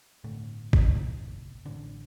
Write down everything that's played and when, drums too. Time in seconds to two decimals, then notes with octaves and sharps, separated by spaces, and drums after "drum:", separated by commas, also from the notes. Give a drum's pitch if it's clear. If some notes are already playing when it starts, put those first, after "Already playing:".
0.24 G1 F2 A2 D3 A3
0.73 drum: kick G#1
0.95 F#1 E2 A#2 C#3 A#3
1.65 A1 G#2 D3 D4